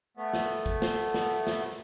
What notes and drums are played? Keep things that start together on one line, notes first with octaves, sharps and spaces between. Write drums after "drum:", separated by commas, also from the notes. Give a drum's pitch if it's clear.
A3 B3
drum: snare
drum: kick
drum: snare
drum: snare
drum: snare